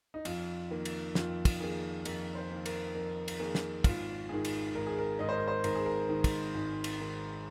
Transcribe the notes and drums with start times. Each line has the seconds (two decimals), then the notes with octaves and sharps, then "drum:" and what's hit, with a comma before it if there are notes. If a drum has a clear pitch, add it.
0.14 D#4
0.25 F2 F4, drum: cymbal
0.71 D#3 A#3
0.85 drum: cymbal
1.15 F2 F4, drum: snare
1.45 drum: kick, cymbal
1.60 D#3 A#3 G#4
2.05 F2 A#4, drum: cymbal
2.35 C5
2.50 D#3 A#3
2.66 A#4, drum: cymbal
2.95 F2 A#4
3.28 A#4, drum: cymbal
3.40 D#3 A#3 G#4
3.55 drum: snare
3.84 G#1 F4, drum: kick, cymbal
4.29 G#2 D#3 G#4
4.45 drum: cymbal
4.75 G#1 A#4
4.87 G#4
4.98 A#4
5.19 G#2 D#3 D#5
5.29 C5
5.38 A#4
5.48 C5
5.64 G#1 A#4, drum: cymbal
5.75 G#4
5.86 A#4
6.09 G#2 D#3
6.24 drum: kick, cymbal
6.54 G#1
6.84 drum: cymbal
6.99 G#2 D#3